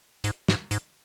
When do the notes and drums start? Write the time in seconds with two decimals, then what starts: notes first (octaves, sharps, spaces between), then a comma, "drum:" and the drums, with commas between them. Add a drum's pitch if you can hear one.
0.24 G#2, drum: hi-hat
0.48 G#2, drum: snare
0.71 G#2, drum: hi-hat